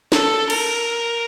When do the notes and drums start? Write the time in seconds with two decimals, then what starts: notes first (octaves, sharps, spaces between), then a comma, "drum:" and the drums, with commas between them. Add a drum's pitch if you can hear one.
0.12 A4, drum: snare
0.50 A#4, drum: cymbal